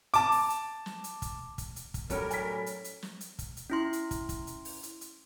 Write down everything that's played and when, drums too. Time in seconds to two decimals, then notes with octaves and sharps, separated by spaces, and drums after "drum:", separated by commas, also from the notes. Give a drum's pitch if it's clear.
0.14 A5 D6, drum: hi-hat
0.32 drum: open hi-hat
0.50 drum: hi-hat
0.86 drum: snare
1.04 drum: hi-hat
1.22 drum: kick, hi-hat
1.58 drum: kick, hi-hat
1.76 drum: hi-hat
1.94 drum: kick, hi-hat
2.10 A2 F#3 G3 C#4 A4 A#4 C#5 B5, drum: kick, hi-hat
2.31 G#5 B6, drum: hi-hat
2.66 drum: hi-hat
2.84 drum: hi-hat
3.02 drum: snare
3.21 drum: hi-hat
3.39 drum: kick, hi-hat
3.57 drum: hi-hat
3.70 C#4 E4 C6
3.93 drum: hi-hat
4.11 drum: kick, hi-hat
4.29 drum: kick, hi-hat
4.47 drum: hi-hat
4.65 drum: open hi-hat
4.83 drum: hi-hat
5.01 drum: hi-hat